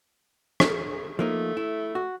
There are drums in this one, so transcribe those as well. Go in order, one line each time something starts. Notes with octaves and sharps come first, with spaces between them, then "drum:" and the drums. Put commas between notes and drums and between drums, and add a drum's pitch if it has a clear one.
drum: rim click
F3 A3 A#3 D#4
E4
F#4